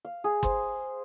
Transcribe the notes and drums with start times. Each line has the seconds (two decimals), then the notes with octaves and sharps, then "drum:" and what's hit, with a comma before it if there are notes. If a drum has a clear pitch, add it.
0.05 F5
0.24 G#4
0.43 C5, drum: kick G1